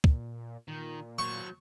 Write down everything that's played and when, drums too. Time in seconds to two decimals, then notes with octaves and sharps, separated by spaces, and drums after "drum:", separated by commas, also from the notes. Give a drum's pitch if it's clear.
0.04 A#2, drum: kick
0.68 A#2 D#3
1.19 F#3 C5 C#6